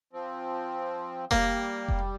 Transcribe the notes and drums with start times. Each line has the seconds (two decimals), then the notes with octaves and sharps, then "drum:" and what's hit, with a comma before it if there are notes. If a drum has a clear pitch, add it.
0.13 F3 C4
1.31 G3 A#3, drum: kick F1
1.88 drum: kick F1